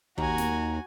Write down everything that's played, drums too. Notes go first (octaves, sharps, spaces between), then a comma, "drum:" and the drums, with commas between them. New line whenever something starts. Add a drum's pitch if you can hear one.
D#2 F#4 G#5 A#5, drum: kick
drum: snare